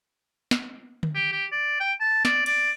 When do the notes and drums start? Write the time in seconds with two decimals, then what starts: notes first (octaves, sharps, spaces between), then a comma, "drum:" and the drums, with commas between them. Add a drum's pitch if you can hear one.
0.51 drum: snare
1.03 drum: tom D3
1.15 G4
1.32 G4
1.52 D5
1.80 G5
2.00 A5
2.25 D5, drum: snare
2.46 D5, drum: cymbal